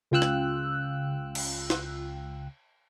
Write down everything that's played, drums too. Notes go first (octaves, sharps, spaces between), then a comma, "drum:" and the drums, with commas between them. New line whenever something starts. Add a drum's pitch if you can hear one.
C#2 C#3 F4 G5 E6 F#6
drum: rim click
drum: cymbal
drum: snare